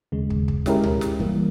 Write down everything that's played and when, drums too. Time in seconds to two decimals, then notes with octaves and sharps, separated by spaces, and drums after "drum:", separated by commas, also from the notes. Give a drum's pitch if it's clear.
0.12 D#2 C#3 G#3
0.30 drum: kick
0.48 drum: kick
0.66 G#3 C#4 E4 G4 A#4, drum: snare
0.83 drum: tom C#2
1.01 drum: snare
1.20 E3 G3 A#3, drum: kick